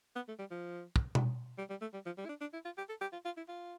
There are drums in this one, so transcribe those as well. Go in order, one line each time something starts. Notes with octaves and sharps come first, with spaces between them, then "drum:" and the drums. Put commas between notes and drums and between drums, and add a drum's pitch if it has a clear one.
B3
A3
G3
F3
drum: kick
drum: tom B2
G3
G3
A3
G3
F3
G3
E4
D4
D4
E4
F4
G4
A4
G4
F4
F4
E4
F4